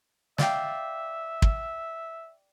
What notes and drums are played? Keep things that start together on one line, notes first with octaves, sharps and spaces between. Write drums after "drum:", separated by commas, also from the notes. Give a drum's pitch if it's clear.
D5 E5 F5 G5, drum: snare
drum: kick